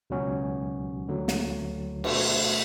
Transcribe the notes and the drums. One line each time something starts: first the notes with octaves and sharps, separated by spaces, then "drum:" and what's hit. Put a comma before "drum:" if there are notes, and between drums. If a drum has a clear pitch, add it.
C#2 B2 F#3 C#4 F#4
D2 D3 F#3
drum: snare
B2 A3 D4 F#4, drum: cymbal